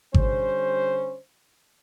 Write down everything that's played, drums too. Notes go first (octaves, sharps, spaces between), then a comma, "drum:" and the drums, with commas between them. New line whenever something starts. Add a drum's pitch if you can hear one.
D3 G3 C#4 C5, drum: kick G#1